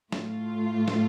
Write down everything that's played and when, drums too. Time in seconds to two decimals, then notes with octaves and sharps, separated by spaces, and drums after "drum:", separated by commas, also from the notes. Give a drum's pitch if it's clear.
0.12 A2 A3 F4, drum: snare
0.88 drum: snare